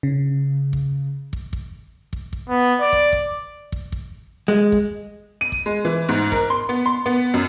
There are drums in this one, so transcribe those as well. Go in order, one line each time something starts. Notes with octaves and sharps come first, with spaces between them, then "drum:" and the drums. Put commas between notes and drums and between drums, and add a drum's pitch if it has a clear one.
C#3
drum: kick
drum: kick
drum: kick
drum: kick
drum: kick
B3
D5
drum: kick
drum: kick
drum: kick
drum: kick
G#3
drum: kick
D#7
drum: kick
G#3
E3
G#2
A#4, drum: kick
C6
B3
C6
B3
F#2